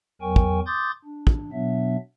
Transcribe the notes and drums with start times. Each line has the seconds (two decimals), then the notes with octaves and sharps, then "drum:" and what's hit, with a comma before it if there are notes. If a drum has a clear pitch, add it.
0.21 E2 F#3 A#4 G5 G#5 C#6
0.36 drum: kick
0.66 C6 D6 D#6 G6 A6
1.05 D4
1.27 drum: kick
1.52 B2 F#3 B3 D4 E5